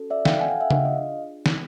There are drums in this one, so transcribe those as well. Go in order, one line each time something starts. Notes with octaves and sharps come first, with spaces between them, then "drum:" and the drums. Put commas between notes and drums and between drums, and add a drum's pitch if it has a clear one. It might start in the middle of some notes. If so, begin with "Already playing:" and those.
Already playing: C#4 F#4 A4
D5 E5
F5 G5, drum: snare
F#5 G#5
F5 G5
E5 F#5
D4 F4 G#4 D#5 F5, drum: tom C#3
D#5 F5
drum: snare